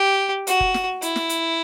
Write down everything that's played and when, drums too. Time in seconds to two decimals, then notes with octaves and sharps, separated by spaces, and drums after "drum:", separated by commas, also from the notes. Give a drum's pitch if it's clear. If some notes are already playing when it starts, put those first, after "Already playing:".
Already playing: G4
0.47 F#4, drum: hi-hat
0.60 drum: kick F1
0.74 drum: snare
1.02 E4, drum: hi-hat
1.16 drum: snare
1.29 drum: hi-hat